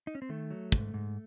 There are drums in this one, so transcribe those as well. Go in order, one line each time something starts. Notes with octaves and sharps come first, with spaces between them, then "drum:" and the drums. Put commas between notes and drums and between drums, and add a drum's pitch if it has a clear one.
D#4
C#4
C4
D#3 A3
F#3
G#2, drum: kick
G#2